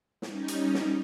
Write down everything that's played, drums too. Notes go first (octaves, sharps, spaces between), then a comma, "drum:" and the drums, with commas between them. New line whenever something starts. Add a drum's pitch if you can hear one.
G3 C#4 D#4, drum: snare
drum: hi-hat
drum: snare